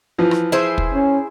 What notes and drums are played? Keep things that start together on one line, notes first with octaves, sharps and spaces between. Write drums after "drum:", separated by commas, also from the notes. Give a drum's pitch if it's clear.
E3 F3
drum: rim click
E4 G#4 C5
drum: kick
C#4